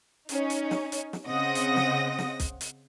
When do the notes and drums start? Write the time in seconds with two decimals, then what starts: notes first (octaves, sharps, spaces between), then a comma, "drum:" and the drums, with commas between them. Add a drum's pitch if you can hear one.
0.29 C#4 D#4, drum: hi-hat
0.50 drum: hi-hat
0.71 drum: snare
0.92 drum: hi-hat
1.13 drum: snare
1.28 C#3 C4 D#5 F#5 D#6 A#6
1.55 drum: hi-hat
1.76 drum: snare
2.18 drum: snare
2.40 drum: kick, hi-hat
2.61 drum: hi-hat